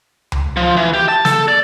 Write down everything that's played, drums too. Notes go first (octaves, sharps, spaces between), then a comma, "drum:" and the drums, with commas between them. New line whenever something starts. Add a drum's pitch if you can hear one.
drum: tom C#2
F3
E3
G4
A5
A4, drum: snare
D5